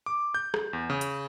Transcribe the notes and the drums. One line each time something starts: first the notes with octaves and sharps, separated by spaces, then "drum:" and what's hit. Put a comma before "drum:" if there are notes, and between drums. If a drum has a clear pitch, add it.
D6
G6
drum: rim click
E2
C#3
drum: hi-hat